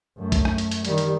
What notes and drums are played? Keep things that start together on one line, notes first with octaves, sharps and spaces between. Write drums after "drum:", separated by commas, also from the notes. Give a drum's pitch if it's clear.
F#2 A3
drum: kick C2, hi-hat
drum: rim click
drum: hi-hat
drum: hi-hat
D#3 G3, drum: hi-hat
drum: hi-hat